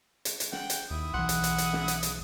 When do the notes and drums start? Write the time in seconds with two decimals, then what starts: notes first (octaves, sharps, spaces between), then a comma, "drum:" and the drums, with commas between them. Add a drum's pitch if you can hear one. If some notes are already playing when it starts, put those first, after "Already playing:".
0.25 drum: hi-hat
0.40 drum: hi-hat
0.52 F#5 G5, drum: snare
0.70 drum: hi-hat
0.91 D#2 E4 D#6
1.14 B1 E3 F#5 C6
1.29 drum: hi-hat
1.44 drum: hi-hat
1.58 drum: hi-hat
1.73 drum: snare
1.88 drum: hi-hat
2.03 drum: hi-hat